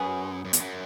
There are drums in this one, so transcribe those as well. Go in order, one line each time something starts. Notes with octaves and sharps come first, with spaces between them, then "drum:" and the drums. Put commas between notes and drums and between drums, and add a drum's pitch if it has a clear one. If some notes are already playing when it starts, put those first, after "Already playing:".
Already playing: F#2 F#3 B3 G#4 B4
F#2
E2, drum: hi-hat
F#2